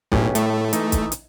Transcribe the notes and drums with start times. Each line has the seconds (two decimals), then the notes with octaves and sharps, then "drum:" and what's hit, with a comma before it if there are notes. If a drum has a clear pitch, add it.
0.12 B1 A2 C#4 G4, drum: kick
0.35 A2 A3, drum: hi-hat
0.73 E3 D#4, drum: hi-hat
0.92 drum: kick, hi-hat
1.12 drum: hi-hat